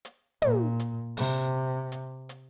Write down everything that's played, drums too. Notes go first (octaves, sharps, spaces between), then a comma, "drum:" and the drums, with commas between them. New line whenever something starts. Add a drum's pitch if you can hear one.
drum: hi-hat
A#2, drum: tom
drum: hi-hat
C3, drum: open hi-hat
drum: hi-hat
drum: hi-hat